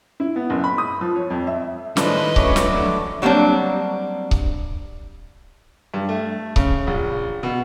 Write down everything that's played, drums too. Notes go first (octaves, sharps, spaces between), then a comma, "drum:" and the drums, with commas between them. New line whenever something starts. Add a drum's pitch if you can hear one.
E4
B3
F#1
B5
D#6
F3
C#5
F2
E5
A2 D#3 F3 G#3 D4 B4 C5 D#5, drum: snare
F#3 A3 C#4 D6, drum: kick C#1
drum: snare
D3
F#3 G3 A#3 C4 D4
drum: kick C#1
G2
A3
C#3, drum: kick C#1
A#1
B2